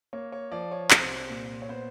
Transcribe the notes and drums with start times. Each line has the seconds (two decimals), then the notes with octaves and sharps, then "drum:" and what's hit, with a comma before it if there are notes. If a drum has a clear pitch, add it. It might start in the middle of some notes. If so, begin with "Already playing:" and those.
0.13 A#3 C#5
0.32 C#5
0.51 F3 D5
0.71 C#5
0.90 C2 C5, drum: clap
1.30 A#2
1.62 C#5
1.69 B3 C5